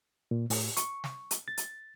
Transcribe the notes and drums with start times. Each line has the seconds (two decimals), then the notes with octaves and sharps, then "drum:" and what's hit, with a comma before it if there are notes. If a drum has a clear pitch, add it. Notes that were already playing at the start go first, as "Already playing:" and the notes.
0.31 A#2
0.50 A2, drum: open hi-hat
0.77 C#6, drum: hi-hat
1.04 drum: snare
1.31 drum: hi-hat
1.48 A6
1.57 drum: hi-hat